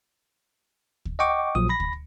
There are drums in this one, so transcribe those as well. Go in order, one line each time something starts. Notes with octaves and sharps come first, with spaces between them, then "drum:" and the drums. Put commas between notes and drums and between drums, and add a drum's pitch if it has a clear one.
drum: kick D2
D#5 F#5 G5 C#6 D6
A#1 A#2 F3 F#3 D#6
B5 A#6
drum: kick D2